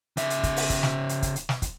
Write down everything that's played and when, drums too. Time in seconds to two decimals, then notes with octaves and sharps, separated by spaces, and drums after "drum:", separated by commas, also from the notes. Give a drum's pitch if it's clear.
0.17 C#3 E5, drum: hi-hat
0.30 drum: hi-hat
0.43 drum: kick, hi-hat
0.57 drum: open hi-hat
0.70 drum: kick, hi-hat
0.83 drum: snare
1.09 drum: hi-hat
1.22 drum: kick, hi-hat
1.36 drum: hi-hat
1.49 drum: snare
1.62 drum: kick, hi-hat